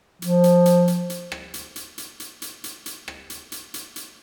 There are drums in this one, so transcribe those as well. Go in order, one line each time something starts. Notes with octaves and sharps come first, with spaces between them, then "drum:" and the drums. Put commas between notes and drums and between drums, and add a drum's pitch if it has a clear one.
F3, drum: hi-hat
drum: hi-hat
drum: hi-hat
drum: hi-hat
drum: hi-hat
drum: rim click
drum: hi-hat
drum: hi-hat
drum: hi-hat
drum: hi-hat
drum: hi-hat
drum: hi-hat
drum: hi-hat
drum: rim click
drum: hi-hat
drum: hi-hat
drum: hi-hat
drum: hi-hat